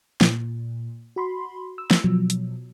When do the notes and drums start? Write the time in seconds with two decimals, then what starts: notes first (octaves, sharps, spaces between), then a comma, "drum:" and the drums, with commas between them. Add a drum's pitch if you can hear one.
0.21 A#2, drum: snare
1.16 F#4 B5 C6
1.78 E6
1.91 drum: snare
2.04 B2 F3 F#3
2.30 drum: hi-hat